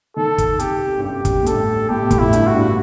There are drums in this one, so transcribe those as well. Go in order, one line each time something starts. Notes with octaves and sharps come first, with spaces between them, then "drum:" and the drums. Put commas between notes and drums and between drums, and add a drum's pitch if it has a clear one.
D#3 A4
drum: kick, hi-hat
C3 G4, drum: hi-hat
G2
F#2 G4
drum: kick, hi-hat
A2
G2 A4, drum: hi-hat
A2 G4
B2
A2, drum: kick, hi-hat
E4
G2, drum: hi-hat
F#4
G2